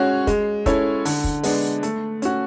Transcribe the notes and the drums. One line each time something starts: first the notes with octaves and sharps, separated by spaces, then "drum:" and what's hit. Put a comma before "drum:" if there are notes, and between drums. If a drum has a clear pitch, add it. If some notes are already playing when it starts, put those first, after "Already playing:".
Already playing: G#3 C#4 F#4 C#5
G#3, drum: kick, hi-hat
C#4 E4 A4 C#5, drum: kick, hi-hat
D3, drum: open hi-hat
drum: kick
G#3 B3 D4, drum: open hi-hat
A3, drum: hi-hat
C#4 F#4, drum: hi-hat